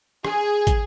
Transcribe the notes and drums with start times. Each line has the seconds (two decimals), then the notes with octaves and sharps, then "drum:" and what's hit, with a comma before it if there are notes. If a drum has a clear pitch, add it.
0.25 G#4, drum: rim click
0.67 drum: kick, hi-hat